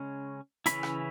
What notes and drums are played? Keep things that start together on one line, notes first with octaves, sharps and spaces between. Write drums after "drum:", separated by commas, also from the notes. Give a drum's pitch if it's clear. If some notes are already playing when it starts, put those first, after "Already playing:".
Already playing: C#3 G#3 C#4
C#3 E3 A3 C#4 E4 B5, drum: hi-hat
drum: rim click